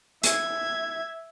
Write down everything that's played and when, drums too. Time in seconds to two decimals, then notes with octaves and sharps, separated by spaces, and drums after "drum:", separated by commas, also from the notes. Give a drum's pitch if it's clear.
0.23 E5 G#6, drum: hi-hat